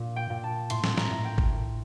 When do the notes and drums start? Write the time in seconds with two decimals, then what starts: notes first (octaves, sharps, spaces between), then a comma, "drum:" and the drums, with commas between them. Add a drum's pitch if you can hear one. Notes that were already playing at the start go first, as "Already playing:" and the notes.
Already playing: A#2
0.16 G5
0.30 A#2
0.43 A5
0.70 A2 C6, drum: hi-hat
0.84 drum: snare
0.98 A#5, drum: snare
1.11 A2
1.25 G5
1.38 drum: kick G#1
1.52 A2